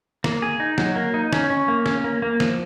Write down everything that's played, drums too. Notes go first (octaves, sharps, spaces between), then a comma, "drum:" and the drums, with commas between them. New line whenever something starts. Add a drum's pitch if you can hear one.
A#3, drum: snare
G#4
D#4
F#3, drum: snare
A#3
D#4
C#4, drum: snare
C#4
A#3
C#4, drum: snare
A#3
A#3
F3, drum: snare